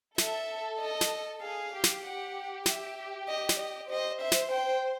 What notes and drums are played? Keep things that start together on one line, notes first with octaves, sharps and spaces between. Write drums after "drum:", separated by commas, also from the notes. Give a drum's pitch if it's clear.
A4 E5, drum: snare
D#5
drum: snare
G#4 F5
G4
drum: snare
G4 F#5
E5, drum: snare
D#5
drum: snare
D#5
C5 D#5
E5
drum: snare
G5